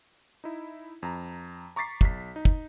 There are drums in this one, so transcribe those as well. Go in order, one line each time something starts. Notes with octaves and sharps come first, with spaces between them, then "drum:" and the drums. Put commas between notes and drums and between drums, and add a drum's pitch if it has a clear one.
D#4 E4
F2 A#5
A#5 C#6 D6 A6 B6 C7
B1 B6, drum: kick
D#4
drum: kick